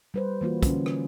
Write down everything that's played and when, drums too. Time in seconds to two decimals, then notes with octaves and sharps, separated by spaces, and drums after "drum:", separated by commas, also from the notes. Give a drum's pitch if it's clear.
0.14 G3 B4 C5
0.41 E3 A#3 F4 F#4
0.63 D3 C#4, drum: kick, hi-hat
0.86 drum: rim click